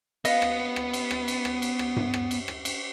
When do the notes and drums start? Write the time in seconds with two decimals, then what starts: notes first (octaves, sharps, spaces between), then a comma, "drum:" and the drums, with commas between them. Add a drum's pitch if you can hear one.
0.25 B3 D#5 F5, drum: cymbal
0.42 drum: rim click
0.76 drum: rim click
0.93 drum: cymbal
1.11 drum: rim click
1.28 drum: cymbal
1.45 drum: rim click
1.62 drum: cymbal
1.79 drum: rim click
1.96 drum: tom G2
2.14 drum: rim click
2.31 drum: cymbal
2.48 drum: rim click
2.65 drum: cymbal